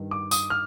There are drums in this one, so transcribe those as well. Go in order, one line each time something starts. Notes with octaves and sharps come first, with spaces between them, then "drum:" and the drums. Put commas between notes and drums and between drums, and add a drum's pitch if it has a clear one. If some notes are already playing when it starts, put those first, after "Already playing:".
Already playing: G2 D#3
D6
D#6, drum: tambourine
F6